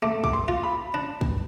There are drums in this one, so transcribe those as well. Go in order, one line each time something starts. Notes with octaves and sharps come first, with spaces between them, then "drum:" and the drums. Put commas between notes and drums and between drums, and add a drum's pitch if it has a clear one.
A3 D6
D6, drum: kick
C6
F4
B5
D4
drum: kick